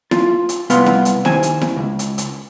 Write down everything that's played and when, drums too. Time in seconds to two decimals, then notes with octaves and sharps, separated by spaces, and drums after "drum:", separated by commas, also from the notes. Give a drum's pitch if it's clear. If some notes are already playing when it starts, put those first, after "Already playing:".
0.11 F4, drum: snare E4
0.49 drum: hi-hat
0.70 C2 B3 B4 F5 C6, drum: hi-hat
0.86 drum: snare E4
1.05 drum: hi-hat
1.25 D#2 C5 G#5, drum: snare E4
1.43 drum: hi-hat
1.61 drum: snare E4
1.76 C#2
1.99 drum: hi-hat
2.18 drum: hi-hat